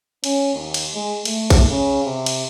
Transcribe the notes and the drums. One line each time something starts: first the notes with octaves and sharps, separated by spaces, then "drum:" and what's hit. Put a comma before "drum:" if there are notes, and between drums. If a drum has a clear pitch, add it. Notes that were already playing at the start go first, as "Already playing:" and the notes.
C#4, drum: cymbal
D#2
drum: cymbal
G#3
A3, drum: cymbal
drum: kick, cymbal
C#3
C3
drum: cymbal